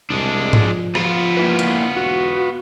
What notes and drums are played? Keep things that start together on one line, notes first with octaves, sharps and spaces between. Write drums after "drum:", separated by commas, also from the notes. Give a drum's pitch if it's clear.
C2 G#3 D4
drum: tom G#2
F3
B3 F4, drum: rim click
A#3 E4 B4
drum: hi-hat
E1 F#4